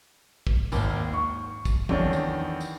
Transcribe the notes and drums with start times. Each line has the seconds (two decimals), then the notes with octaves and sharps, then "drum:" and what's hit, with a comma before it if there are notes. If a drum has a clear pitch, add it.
0.47 drum: kick
0.72 G#1 D#2, drum: tambourine
1.13 C#6
1.65 drum: kick, tambourine
1.89 E2 D#3 C#4 D4, drum: tom
2.13 drum: tambourine
2.60 drum: tambourine